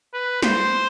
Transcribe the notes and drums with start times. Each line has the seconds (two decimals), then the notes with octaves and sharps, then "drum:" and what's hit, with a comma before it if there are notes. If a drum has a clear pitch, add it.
0.14 B4
0.42 C5, drum: snare